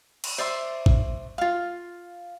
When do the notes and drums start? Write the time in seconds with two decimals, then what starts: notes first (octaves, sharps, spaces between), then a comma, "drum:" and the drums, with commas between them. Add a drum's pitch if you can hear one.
0.24 drum: cymbal
0.38 C5 D5 E5 C6
0.86 drum: kick A1
1.38 F4 F5